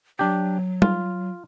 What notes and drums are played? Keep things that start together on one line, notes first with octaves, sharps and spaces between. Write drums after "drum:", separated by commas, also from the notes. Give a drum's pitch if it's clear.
F#3 D4 G4
F4, drum: tom